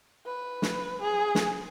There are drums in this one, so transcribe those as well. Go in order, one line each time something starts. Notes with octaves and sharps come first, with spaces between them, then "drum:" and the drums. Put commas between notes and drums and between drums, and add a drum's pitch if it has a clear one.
B4
drum: snare
G#4
drum: snare